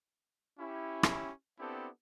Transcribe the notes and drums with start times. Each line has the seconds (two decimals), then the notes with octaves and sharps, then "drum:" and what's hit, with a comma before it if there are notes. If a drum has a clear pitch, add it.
0.59 C#4 E4 G4
1.03 drum: rim click
1.59 B3 C4 D4 E4 G4 A4